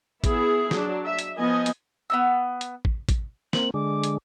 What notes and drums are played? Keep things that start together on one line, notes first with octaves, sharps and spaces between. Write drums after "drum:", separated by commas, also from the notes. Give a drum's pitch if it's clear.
B3 E4 G#4, drum: kick A1, hi-hat
F#3 D4, drum: snare
E5
drum: hi-hat
F3 B3 D#5 G#5
drum: hi-hat
B3 D#4 E6
drum: hi-hat
drum: kick A1
drum: kick A1, hi-hat
A#3 C4 F#7, drum: snare
D3 G#3 D6
drum: hi-hat